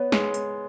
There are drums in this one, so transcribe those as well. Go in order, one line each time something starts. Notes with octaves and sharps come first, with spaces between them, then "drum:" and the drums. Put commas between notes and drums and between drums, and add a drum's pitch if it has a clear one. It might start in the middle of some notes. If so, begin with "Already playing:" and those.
Already playing: B3 C#5
G#3, drum: snare
drum: hi-hat